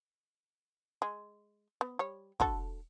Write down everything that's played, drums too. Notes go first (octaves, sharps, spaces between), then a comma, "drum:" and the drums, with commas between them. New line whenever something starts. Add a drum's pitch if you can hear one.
G#3
B3
G3 C#5
D3 F#4 A4, drum: kick